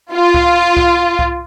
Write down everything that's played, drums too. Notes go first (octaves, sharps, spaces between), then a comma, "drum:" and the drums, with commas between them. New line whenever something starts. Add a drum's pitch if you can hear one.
F4
drum: kick C2
drum: kick C2
drum: kick C2